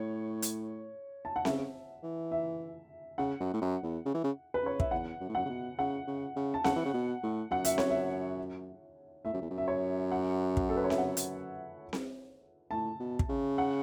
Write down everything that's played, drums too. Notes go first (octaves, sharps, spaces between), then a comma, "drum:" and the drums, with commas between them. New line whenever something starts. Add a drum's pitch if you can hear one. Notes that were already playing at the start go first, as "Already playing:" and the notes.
Already playing: A2 C#5
drum: hi-hat
A5
F#5
C#3 E5, drum: snare C4
E3
E5
C#3 F#5
F#2
A2
F#2
E2
C#3
E3
C#3
B4
C#3 C#5
E5, drum: kick
E2 F#5
F#2
A2
F#2 F#5
C#3
B2
C#3 F#5
C#3
C#3
A5
C#3 F#5, drum: snare C4
E3
C#3
B2
A2
F#2 F#5
E5, drum: hi-hat
C#5, drum: snare C4
E5
A2 E5
F#2
E2
F#2
E5
C#5
F#5
drum: kick
A4
B4
C#5
E5, drum: snare C4
F#5
drum: hi-hat
drum: snare C4
A2 A5
B2
drum: kick
C#3
F#5